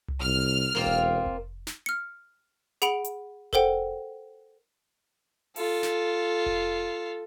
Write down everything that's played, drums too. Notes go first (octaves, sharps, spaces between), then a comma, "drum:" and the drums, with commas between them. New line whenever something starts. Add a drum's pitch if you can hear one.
drum: tom C2
C2 F6
E1 A#3 C4 F4
drum: kick F1
drum: kick F1
drum: snare
F6 C#7
G#4 F#5 B5 D7 F7, drum: hi-hat
drum: hi-hat
A4 A#4 C5 F#5 G5, drum: kick F1
F4 A4, drum: open hi-hat
drum: snare
drum: kick F1